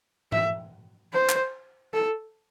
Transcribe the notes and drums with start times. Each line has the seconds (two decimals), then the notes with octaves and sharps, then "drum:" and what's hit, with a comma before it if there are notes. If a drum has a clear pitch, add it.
0.32 E5, drum: tom G#2
1.13 C5
1.29 drum: clap
1.93 A4